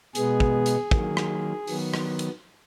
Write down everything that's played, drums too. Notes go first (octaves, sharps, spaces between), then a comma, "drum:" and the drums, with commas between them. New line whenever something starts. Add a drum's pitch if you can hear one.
B2 G#3 B3 G#4, drum: hi-hat
drum: kick
drum: hi-hat
D#3 F#3 A#3, drum: kick
drum: rim click
D#3 F#3 B3, drum: open hi-hat
drum: rim click
drum: hi-hat